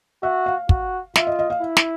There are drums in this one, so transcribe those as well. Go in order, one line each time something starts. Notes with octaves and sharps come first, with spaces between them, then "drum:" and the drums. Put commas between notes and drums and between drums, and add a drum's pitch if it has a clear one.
F#4 E5
F5
F#4, drum: kick
F4 E5, drum: snare
D#5
D#5
F5
E4
drum: snare